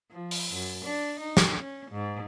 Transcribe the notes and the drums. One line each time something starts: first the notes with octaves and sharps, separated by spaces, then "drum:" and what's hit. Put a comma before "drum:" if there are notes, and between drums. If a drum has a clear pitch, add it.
F3
drum: open hi-hat
F#2
D4
D#4
drum: snare
C#4
G#2